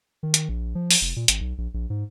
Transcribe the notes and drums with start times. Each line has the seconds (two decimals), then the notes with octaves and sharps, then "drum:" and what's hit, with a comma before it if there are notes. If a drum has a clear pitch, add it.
0.23 D#3
0.34 drum: hi-hat
0.49 A#1
0.75 F3
0.91 drum: open hi-hat
1.01 F1
1.16 A#2
1.28 G#1, drum: hi-hat
1.41 B1
1.58 A#1
1.74 A#1
1.90 G#2